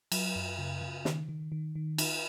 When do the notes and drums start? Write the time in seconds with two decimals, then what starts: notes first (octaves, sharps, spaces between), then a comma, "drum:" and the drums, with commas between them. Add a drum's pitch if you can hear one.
0.12 F#3, drum: cymbal
0.36 F#2
0.59 C#3
0.81 C#3
1.05 D#3, drum: snare
1.29 D#3
1.52 D#3
1.76 D#3
1.98 D#4, drum: cymbal